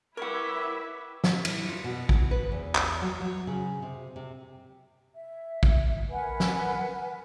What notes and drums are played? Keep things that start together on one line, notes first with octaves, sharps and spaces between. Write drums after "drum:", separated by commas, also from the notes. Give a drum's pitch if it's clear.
E4 G4 A#4 B4 C#5 E5 F#5
drum: snare
E4, drum: cymbal
F4
B2
E3, drum: kick
B4
E2
drum: clap
F#3
F#3
C#3
C3
C3
E5
drum: kick
A#4 B4 F#5 G#5
drum: snare